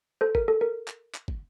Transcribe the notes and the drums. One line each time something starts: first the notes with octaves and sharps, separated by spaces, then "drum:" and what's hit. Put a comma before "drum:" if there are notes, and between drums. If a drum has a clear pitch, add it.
A4 C5
A#4, drum: kick
A4
A#4
drum: clap
drum: clap
drum: kick